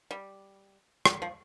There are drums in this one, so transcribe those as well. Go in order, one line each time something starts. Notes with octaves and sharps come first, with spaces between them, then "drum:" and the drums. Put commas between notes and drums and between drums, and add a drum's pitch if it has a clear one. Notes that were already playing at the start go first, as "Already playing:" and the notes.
G3
G3, drum: rim click
F3